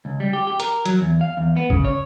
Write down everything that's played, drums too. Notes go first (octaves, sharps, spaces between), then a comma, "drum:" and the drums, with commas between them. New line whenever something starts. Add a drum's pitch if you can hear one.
C#2
G3
G4
G4
A#4, drum: hi-hat
F#3, drum: hi-hat
E2
F5
E2
B3
C#3, drum: kick
C#5